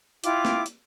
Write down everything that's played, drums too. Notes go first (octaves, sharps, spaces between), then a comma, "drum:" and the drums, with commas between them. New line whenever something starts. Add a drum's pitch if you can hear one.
E4 F4 G5 D6, drum: hi-hat
drum: snare
drum: hi-hat